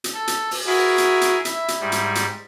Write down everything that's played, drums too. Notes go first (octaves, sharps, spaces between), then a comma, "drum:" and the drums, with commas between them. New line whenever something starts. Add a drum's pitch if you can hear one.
drum: hi-hat
A4
drum: hi-hat
drum: open hi-hat
E4 F#4 G#4 A#4
drum: hi-hat
drum: hi-hat
E4 E5, drum: hi-hat
drum: hi-hat
G#2 G3
drum: hi-hat
drum: hi-hat